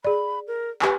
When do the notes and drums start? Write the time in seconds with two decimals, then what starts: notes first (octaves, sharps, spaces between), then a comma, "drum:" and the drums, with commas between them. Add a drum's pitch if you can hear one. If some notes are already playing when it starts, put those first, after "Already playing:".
0.05 G#4 D5 B5
0.48 A#4
0.82 G4 B4 G#5, drum: clap